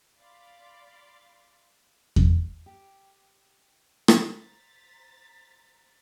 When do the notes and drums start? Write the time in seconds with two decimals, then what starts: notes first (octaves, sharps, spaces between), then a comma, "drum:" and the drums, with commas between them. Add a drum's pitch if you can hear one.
0.18 D5 F5 B5 C6 D6
2.16 drum: kick E2
2.66 G4
4.08 drum: rim click
4.26 C5 A#5 A6 B6